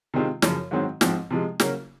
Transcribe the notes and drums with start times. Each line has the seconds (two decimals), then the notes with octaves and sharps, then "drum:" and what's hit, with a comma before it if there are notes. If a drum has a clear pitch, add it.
0.14 C3 D#3 G#3 C4 F4
0.42 F#2 C#3 F3, drum: snare
0.71 G#2 D#3 F#3 C4
1.01 G#2 F3 C4, drum: snare
1.31 C3 F3 G#3
1.60 C#3 F#3 A#3, drum: snare